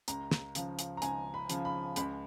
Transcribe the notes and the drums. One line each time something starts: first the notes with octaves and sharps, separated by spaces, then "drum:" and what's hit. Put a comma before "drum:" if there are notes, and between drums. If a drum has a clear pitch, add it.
C#2 A#5, drum: hi-hat
drum: snare
C#3 F3, drum: hi-hat
drum: hi-hat
A#5
C#2 G#5, drum: hi-hat
B5
C#3 F3, drum: hi-hat
B5
C#2 B5, drum: hi-hat